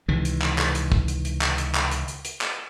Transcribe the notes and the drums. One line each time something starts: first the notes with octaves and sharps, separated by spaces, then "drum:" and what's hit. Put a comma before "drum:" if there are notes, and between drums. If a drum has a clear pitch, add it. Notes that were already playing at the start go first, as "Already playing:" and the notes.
C#2 C3 D#3 E3
drum: hi-hat
drum: clap
drum: clap
drum: hi-hat
drum: kick
drum: hi-hat
drum: hi-hat
drum: clap
drum: hi-hat
drum: clap
drum: hi-hat
drum: hi-hat
drum: hi-hat
drum: clap